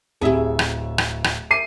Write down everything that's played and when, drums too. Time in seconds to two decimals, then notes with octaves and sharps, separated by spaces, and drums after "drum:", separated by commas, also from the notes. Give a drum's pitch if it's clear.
0.21 D1 C4 E4 G4 G#4 E5
0.59 drum: rim click
0.98 drum: rim click
1.24 drum: rim click
1.51 E5 D6 C7 D#7